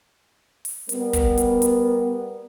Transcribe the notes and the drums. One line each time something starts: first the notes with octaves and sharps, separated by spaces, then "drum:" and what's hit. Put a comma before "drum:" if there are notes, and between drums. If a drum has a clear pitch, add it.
drum: open hi-hat
G3 B3 A#4, drum: hi-hat
drum: kick, hi-hat
drum: hi-hat
drum: hi-hat